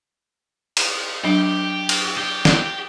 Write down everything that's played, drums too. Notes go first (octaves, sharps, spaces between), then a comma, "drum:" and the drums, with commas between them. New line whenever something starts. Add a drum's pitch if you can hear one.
drum: cymbal
F#3 D4 G4
drum: cymbal
G4
drum: snare